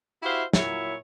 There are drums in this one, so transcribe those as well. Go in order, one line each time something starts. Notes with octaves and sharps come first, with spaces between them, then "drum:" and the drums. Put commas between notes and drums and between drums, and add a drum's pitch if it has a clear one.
E4 F#4 G4 C5 E5 F5
A#2 F#3 E4 C#5 E5, drum: snare